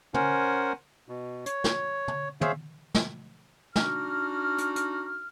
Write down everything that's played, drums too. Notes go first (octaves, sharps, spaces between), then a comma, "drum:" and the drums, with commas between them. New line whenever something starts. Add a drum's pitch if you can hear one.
C#4 A#4 C5 F#5 G#5, drum: tom
B2
C#5, drum: hi-hat
drum: snare
drum: tom
G#4 C5 C#5 E5 F5, drum: tom
drum: snare
D4 D#4 F#4 F6, drum: snare
drum: hi-hat
drum: hi-hat